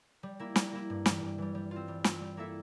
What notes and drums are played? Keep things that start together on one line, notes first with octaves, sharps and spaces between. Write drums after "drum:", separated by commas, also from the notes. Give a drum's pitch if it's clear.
G3
A#3 E4
G3, drum: snare
A#3 E4
G2
E3 G3, drum: snare
G2
E3 G3
G3
C4 F4
G3
C4 F4, drum: snare
G3
A#3 E4 A4 E5